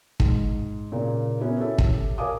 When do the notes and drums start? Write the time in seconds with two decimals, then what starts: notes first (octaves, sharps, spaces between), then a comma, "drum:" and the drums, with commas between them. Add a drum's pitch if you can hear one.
0.20 G#2, drum: kick
0.92 A#2 C#3 A#3
1.40 B3 C#4 E4 F#4 A#4 C#5
1.59 E4 G4 A4 E5
1.78 drum: kick
2.18 A#4 C#5 F5 G#5 D6 D#6